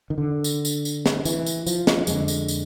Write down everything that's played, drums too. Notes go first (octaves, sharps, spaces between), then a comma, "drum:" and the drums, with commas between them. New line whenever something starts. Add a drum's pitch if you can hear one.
D#3
D3
drum: tambourine
drum: tambourine
drum: tambourine
drum: snare
E3, drum: tambourine
drum: tambourine
F3, drum: tambourine
drum: snare
F2 D3 G#3, drum: tambourine
drum: tambourine
drum: tambourine